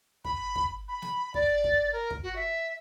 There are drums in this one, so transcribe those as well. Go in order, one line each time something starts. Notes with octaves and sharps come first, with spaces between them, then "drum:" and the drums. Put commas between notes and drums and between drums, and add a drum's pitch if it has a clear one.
B5, drum: kick
drum: kick
B5
drum: snare
D5, drum: kick
drum: kick
A#4
drum: kick
F#4
E5